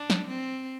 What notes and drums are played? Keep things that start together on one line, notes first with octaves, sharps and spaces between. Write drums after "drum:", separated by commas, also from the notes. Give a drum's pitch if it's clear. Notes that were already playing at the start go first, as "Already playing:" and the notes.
Already playing: D4
drum: snare
C4